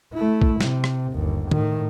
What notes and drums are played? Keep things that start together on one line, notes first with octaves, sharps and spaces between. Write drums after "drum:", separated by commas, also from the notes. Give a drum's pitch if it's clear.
A3 E4
drum: kick A#1
C3, drum: snare
drum: rim click
G1 D#2
A2 D#3, drum: tom